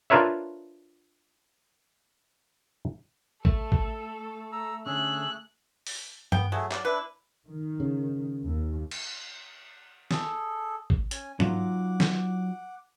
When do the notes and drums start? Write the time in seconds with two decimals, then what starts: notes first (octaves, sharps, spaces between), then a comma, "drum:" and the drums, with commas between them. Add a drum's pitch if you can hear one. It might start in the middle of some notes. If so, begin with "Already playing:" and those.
0.10 D4 F4 A#4 B4 C#5 E5
3.45 A3 A4, drum: kick A1
3.72 drum: kick A1
4.52 A#5 E6
4.86 D3 C#4 G#4 C#6 E6 F#6
5.87 drum: open hi-hat
6.32 B3 G5, drum: tom G2
6.52 F#3 A3 G#4
6.72 D5, drum: clap
6.85 D4 E4 B4
7.48 D#3
7.80 C#3
8.44 D#2
8.91 drum: cymbal
10.11 G#4 A4, drum: snare
10.90 drum: kick A1
11.11 C#4 G#5, drum: hi-hat
11.40 F#3 D#4 F4 F#5 D6, drum: tom G#2
12.00 drum: snare